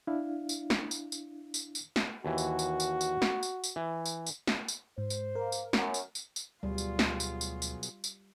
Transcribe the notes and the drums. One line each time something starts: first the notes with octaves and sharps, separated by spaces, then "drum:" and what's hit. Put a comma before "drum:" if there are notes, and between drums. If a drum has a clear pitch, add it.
D4 E4 F5
drum: tambourine
drum: snare
drum: tambourine
drum: tambourine
drum: tambourine
drum: tambourine
drum: snare
D#2 E3 F#4
drum: tambourine
drum: tambourine
drum: tambourine
drum: tambourine
drum: snare
drum: tambourine
drum: tambourine
E3
drum: tambourine
drum: tambourine
drum: snare
drum: tambourine
G#2 C5
drum: tambourine
A#3 A#4
drum: tambourine
F#2, drum: snare
drum: tambourine
drum: tambourine
drum: tambourine
D2 B2 F#3 G3 F4 G#4
drum: tambourine
drum: snare
drum: tambourine
drum: tambourine
drum: tambourine
drum: tambourine
drum: tambourine